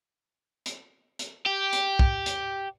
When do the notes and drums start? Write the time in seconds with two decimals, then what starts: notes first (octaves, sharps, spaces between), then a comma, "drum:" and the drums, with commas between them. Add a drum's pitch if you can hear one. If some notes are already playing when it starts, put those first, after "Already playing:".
0.66 drum: hi-hat
1.19 drum: hi-hat
1.46 G4
1.73 drum: hi-hat
1.99 drum: kick
2.26 drum: hi-hat